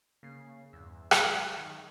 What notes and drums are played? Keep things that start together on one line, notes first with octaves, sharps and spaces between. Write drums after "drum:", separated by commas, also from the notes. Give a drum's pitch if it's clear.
C#3 A#3 C7
E2 G2 E6
drum: rim click
F#3 G#3 C#6
D#3